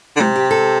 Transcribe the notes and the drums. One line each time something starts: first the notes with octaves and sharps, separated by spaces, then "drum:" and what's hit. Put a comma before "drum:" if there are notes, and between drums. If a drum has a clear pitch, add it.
D3
C3, drum: tom G#3
G4
A4